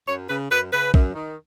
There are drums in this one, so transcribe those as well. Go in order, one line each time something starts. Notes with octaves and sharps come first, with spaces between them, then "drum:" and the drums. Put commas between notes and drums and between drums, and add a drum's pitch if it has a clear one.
F#2 C#5
C#3 B4
F#2 B4
C#3 B4
F#2, drum: kick A#1
D#3